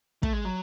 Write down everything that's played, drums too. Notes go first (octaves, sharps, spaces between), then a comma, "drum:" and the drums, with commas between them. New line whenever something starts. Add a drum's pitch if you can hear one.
A3, drum: kick
G#3
F#3